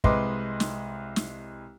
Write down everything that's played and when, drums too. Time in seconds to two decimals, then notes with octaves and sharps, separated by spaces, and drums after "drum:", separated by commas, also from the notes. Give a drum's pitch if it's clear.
0.04 C2 G#3 B4 D#5 C6 D6, drum: kick
0.60 drum: snare
1.16 drum: snare